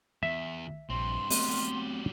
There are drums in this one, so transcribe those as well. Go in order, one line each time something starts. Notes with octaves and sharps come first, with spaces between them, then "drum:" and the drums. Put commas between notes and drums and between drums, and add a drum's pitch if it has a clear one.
E2 E5
A#1 G2 C4 C6
F#3 A3 B3 C4 G4, drum: open hi-hat